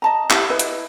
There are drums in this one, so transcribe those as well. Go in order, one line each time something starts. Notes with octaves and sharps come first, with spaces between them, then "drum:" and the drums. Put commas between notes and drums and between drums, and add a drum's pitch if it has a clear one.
D#5 A5 A#5
E4 G4 E5, drum: clap
E4 B4 D#5
drum: hi-hat